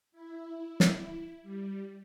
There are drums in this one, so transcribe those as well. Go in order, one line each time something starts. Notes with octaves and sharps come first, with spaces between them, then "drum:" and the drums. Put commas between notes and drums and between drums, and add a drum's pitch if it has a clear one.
E4
drum: snare
G3